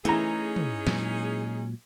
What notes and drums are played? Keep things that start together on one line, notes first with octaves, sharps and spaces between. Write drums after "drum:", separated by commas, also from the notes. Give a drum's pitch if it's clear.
E3 A3 C#4 D#4 G#4 A#5, drum: hi-hat
drum: tom
A#2 F#3 G#3, drum: snare